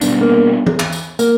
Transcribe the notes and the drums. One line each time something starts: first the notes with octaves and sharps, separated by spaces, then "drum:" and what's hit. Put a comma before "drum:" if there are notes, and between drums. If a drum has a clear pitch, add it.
B2 G3 B3 D4, drum: tambourine
A#3
drum: tom E3
drum: clap
drum: tambourine
A#3, drum: tambourine